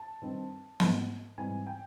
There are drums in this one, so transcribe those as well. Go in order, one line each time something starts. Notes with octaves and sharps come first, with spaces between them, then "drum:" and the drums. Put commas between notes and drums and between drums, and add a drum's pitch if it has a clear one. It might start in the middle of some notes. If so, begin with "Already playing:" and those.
Already playing: A5
G2 D#3 G3 C4
G#2 E3 G3 C4, drum: snare
G#2 E3 G3 C4 G#5
G5